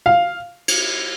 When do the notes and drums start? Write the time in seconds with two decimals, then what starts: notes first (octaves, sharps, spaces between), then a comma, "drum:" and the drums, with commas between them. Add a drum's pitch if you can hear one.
0.06 F5
0.68 drum: cymbal